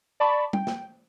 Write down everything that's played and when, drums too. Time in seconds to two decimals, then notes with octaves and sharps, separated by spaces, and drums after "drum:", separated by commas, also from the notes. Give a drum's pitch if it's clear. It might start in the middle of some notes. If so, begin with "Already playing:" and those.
0.20 D5 A5 B5 C#6
0.53 G5, drum: tom G3
0.67 drum: snare